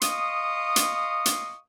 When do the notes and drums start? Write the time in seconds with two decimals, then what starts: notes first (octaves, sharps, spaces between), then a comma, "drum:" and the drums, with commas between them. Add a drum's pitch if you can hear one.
0.01 D#5 F5 C6 C#6 D#6, drum: hi-hat
0.76 drum: hi-hat
1.26 drum: hi-hat